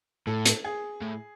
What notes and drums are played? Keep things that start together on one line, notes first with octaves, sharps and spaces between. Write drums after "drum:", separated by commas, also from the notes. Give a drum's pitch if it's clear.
A2 A4
drum: hi-hat
G#4
A2